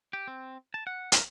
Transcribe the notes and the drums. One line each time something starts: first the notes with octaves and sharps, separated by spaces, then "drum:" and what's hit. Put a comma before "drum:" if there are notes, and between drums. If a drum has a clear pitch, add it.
G4
C4
A5
F#5
A#4, drum: hi-hat